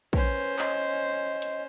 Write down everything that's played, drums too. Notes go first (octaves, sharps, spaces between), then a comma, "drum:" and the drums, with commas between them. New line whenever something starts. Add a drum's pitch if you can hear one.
C#4 B4 C5, drum: kick
D#5, drum: clap
drum: hi-hat